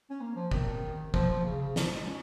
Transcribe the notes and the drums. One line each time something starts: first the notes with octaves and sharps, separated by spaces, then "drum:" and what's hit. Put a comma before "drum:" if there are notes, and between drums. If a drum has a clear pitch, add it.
C#4
A#3
F3
D#3, drum: kick
F3, drum: kick
F3
C#3
C#3
F3, drum: snare
G#3
C#4